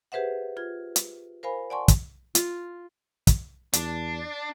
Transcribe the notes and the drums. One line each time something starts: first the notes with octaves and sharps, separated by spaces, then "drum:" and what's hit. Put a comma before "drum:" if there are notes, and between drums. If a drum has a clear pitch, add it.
G4 G#4 B4 C5 E5 F#5
F4 G#6
drum: hi-hat
A#4 C5 F5 G#5 B5
D5 F#5 G#5 A5 C6 C#6
drum: kick, hi-hat
F4, drum: hi-hat
drum: kick, hi-hat
E2 D4, drum: hi-hat